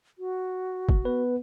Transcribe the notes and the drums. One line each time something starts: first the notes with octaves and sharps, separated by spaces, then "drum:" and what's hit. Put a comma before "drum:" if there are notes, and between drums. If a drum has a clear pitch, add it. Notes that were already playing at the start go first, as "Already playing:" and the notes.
F#4
drum: kick
B3 B4